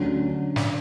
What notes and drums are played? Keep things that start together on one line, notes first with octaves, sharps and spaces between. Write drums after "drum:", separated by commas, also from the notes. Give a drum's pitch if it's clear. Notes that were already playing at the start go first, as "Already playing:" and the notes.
Already playing: D2 D3 F#3 C#4
drum: snare